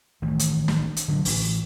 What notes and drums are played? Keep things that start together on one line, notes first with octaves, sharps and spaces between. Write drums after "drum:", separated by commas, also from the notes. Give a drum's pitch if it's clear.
A1 D#3 A3
drum: hi-hat
drum: snare
drum: hi-hat
D3 F3 F#3 D4
A1, drum: open hi-hat